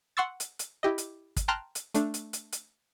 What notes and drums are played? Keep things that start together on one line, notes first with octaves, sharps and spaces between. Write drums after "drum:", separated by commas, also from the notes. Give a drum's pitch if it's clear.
F#5 C6 C#6 E6 A6
drum: hi-hat
drum: hi-hat
E4 G4 D#5
drum: hi-hat
drum: kick, hi-hat
G5 A5 A#5 C6 F6 F#6
drum: hi-hat
A3 D4, drum: hi-hat
drum: hi-hat
drum: hi-hat
drum: hi-hat